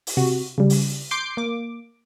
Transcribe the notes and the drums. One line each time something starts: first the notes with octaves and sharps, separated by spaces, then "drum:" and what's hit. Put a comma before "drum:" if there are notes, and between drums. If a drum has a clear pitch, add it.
drum: open hi-hat
C3 F#4
C#3 G3
drum: open hi-hat
C6 D6 G6 C7 D7
A#3 D6